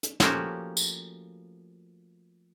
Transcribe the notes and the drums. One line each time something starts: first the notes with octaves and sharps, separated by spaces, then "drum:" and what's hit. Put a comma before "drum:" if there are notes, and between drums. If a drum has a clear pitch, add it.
drum: hi-hat
F3 A3 A#3 C#4 F#4 G4, drum: snare
drum: tambourine